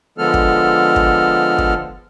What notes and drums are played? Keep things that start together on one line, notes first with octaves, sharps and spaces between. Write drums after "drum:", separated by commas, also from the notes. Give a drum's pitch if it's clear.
D3 F3 G#3 B3 A4 F6
drum: kick
drum: kick
drum: kick